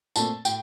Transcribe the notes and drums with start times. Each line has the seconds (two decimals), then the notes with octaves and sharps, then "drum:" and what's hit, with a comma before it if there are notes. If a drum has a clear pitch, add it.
0.16 A#2 A3 C4 A5, drum: tambourine
0.45 A2 G5, drum: tambourine